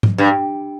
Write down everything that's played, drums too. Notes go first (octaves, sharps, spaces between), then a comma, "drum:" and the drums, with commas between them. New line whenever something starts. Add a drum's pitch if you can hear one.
drum: tom G#2
G2